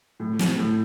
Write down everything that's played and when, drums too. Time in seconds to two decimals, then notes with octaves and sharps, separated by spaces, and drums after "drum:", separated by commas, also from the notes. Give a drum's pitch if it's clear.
0.20 A2
0.39 A2, drum: snare
0.57 A2